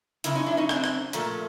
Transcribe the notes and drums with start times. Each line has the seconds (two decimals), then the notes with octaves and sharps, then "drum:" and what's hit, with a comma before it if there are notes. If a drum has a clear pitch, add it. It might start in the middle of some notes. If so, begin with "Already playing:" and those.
0.24 F#2 C#3 E4, drum: hi-hat
0.35 C#4 D#4
0.46 D4 E4
0.57 C#4 D#4
0.69 C4 D4, drum: rim click
0.84 drum: rim click
1.13 A#2 F3 A3, drum: hi-hat